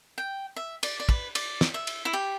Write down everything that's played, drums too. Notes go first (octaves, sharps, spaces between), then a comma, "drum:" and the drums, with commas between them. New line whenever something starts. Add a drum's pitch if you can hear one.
G5
E5
D5, drum: cymbal
D5
B4, drum: kick
D5, drum: cymbal
drum: snare
E5
drum: cymbal
E4
G4